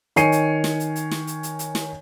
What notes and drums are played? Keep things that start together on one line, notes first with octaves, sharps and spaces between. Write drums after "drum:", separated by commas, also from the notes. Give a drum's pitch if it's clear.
D#3 C#5 G#5 C7 C#7 D#7, drum: hi-hat
drum: hi-hat
drum: snare
drum: hi-hat
drum: hi-hat
drum: snare
drum: hi-hat
drum: hi-hat
drum: hi-hat
drum: snare